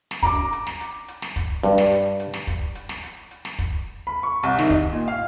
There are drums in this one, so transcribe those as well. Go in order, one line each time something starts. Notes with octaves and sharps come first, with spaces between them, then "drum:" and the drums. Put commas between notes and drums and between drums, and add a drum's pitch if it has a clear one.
drum: snare
A#5 D6, drum: kick, hi-hat
drum: hi-hat
drum: snare
drum: hi-hat
drum: hi-hat
drum: snare
drum: kick, hi-hat
G2, drum: hi-hat
drum: snare
drum: hi-hat
drum: hi-hat
drum: snare
drum: kick, hi-hat
drum: hi-hat
drum: snare
drum: hi-hat
drum: hi-hat
drum: snare
drum: kick, hi-hat
B5
C#6
C2, drum: hi-hat
D#3, drum: snare
D#5, drum: kick, hi-hat
A#2
F5